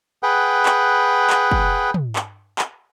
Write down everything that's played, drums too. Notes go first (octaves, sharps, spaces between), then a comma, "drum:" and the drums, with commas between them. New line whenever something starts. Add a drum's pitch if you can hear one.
G#4 B4 F#5 G5
drum: clap
drum: clap
drum: kick F#1
drum: tom
drum: clap
drum: clap